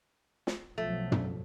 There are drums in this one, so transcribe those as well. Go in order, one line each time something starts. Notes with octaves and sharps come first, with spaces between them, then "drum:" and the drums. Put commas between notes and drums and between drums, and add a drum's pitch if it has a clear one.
drum: snare
B1 F3 F#3 A3
drum: tom